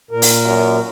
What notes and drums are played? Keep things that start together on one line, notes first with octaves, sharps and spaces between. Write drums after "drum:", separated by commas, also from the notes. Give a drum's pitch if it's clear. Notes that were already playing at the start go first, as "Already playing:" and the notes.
A#2 A#4
drum: open hi-hat
F#2